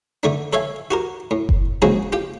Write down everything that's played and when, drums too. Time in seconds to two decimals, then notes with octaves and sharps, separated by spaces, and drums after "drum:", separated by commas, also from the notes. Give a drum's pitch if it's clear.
0.23 D3 A3 D4
0.53 A4 C#5 E5 F5 G#5
0.91 F#4 G4 A#4
1.31 A2
1.49 drum: kick F#1
1.82 A#1 C#3 F3 G#3 F#4 G#4
2.12 F4 G4 G5